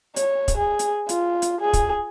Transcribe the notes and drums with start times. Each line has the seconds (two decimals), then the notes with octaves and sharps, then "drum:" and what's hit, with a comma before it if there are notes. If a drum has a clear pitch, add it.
0.16 C#5, drum: hi-hat
0.48 drum: kick, hi-hat
0.57 G#4
0.79 drum: hi-hat
1.09 F4, drum: hi-hat
1.42 drum: hi-hat
1.61 G#4
1.73 drum: kick, hi-hat